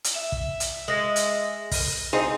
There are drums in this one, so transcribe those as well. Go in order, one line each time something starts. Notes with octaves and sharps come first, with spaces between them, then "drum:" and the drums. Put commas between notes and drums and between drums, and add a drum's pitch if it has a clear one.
drum: hi-hat
E5
drum: kick
drum: hi-hat
G#3 A#6 F#7
drum: hi-hat
drum: kick, open hi-hat
C4 D#4 G#4